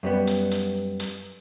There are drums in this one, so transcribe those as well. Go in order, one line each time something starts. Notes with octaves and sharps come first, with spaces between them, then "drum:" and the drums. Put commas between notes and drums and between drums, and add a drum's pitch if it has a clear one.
F#2 G3 B3
drum: hi-hat
drum: hi-hat
drum: hi-hat